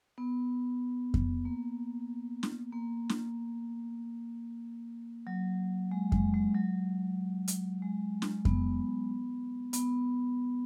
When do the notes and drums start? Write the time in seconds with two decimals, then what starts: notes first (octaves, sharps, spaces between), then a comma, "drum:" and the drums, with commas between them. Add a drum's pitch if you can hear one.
0.18 B3
1.14 drum: kick F2
1.45 A#3
2.43 drum: snare
2.73 A#3
3.09 drum: snare
5.27 F#3
5.92 G#3
6.12 G#3, drum: kick F2
6.34 G#3
6.54 F#3
7.48 drum: hi-hat
7.82 G#3
8.22 drum: snare
8.45 B3, drum: kick F2
9.73 B3, drum: hi-hat